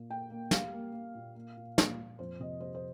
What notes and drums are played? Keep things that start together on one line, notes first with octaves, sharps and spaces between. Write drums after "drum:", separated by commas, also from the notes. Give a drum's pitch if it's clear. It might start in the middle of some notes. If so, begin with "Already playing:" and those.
Already playing: A#2 A#3
A#3 G5
A#3
G3 F5, drum: snare
A#3
A#3
A#2
A#3
A#2
A#2, drum: snare
A#2
F2 C5
C3 D#5
G3 C5
C5